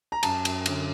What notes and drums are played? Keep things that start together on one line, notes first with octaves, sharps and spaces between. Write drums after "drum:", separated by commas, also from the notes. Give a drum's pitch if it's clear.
A#5
F#2 A5, drum: cymbal
F#2, drum: cymbal
D3, drum: cymbal